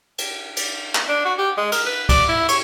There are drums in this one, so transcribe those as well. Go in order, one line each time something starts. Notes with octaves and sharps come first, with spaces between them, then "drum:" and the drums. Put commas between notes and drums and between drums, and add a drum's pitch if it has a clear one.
drum: cymbal
drum: cymbal
drum: clap
D4
F#4
G4
G#3
A#4, drum: cymbal
B4
D5, drum: kick C#2, cymbal
E4
C#5, drum: cymbal